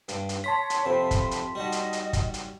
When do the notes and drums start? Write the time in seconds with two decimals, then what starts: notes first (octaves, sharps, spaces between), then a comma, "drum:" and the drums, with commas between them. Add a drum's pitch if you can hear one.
0.08 G2, drum: hi-hat
0.29 drum: hi-hat
0.44 C#5 A5 A#5 C6 B6
0.70 drum: hi-hat
0.85 F2 C3 C4 B5
1.11 drum: kick, hi-hat
1.31 drum: hi-hat
1.55 G3 D#4 F#4 D#5
1.72 drum: hi-hat
1.93 drum: hi-hat
2.13 drum: kick, hi-hat
2.34 drum: hi-hat